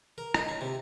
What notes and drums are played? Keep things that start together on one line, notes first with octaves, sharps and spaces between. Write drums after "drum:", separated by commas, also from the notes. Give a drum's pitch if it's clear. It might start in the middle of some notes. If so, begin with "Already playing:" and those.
A#4
D#4, drum: rim click
C#4
C3